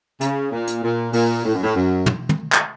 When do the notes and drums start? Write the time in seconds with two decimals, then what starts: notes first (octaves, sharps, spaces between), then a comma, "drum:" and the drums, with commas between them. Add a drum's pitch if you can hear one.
0.21 C#3, drum: hi-hat
0.52 A#2
0.68 drum: hi-hat
0.83 A#2
1.13 A#2, drum: open hi-hat
1.45 A2
1.55 F#2
1.64 A2
1.75 F#2
2.06 drum: tom
2.29 drum: tom
2.52 drum: clap